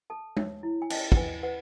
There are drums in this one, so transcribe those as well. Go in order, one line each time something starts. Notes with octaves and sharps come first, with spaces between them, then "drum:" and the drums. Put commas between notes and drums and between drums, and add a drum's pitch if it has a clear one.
A4 A5
C#5, drum: tom G#3
E4
G#5
C#4 A5, drum: cymbal
F#5, drum: kick
B4 G#5
B4 F#5